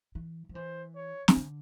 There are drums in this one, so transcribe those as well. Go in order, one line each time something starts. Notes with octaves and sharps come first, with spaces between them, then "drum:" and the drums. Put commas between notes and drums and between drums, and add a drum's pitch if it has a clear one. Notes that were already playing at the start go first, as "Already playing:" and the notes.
E3
F3
E3 C5
C#5
D#3, drum: snare
D3